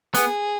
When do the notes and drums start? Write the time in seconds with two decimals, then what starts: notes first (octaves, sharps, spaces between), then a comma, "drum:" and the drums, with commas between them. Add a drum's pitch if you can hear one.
0.14 B3 G#4, drum: hi-hat